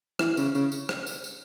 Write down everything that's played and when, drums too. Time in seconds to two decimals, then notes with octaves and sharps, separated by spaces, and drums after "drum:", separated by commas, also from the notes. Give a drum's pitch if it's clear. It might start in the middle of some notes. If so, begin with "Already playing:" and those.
0.19 E3, drum: rim click
0.37 C#3, drum: tambourine
0.55 C#3, drum: tambourine
0.72 drum: tambourine
0.89 drum: rim click
1.07 drum: tambourine
1.24 drum: tambourine